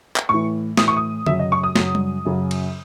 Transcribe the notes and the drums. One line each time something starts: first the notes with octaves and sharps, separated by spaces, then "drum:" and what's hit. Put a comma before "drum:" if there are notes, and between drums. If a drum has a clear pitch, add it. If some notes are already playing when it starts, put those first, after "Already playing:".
drum: clap
A2 E3 C#6
A2 E3 D#6, drum: snare
C#6
D#6
F#2 C#3 F#3 E5, drum: tom D3
D#5
C#6
D#6
F#2 C#3 F#3, drum: snare
drum: tom G3
F#2 C#3 F#3
drum: cymbal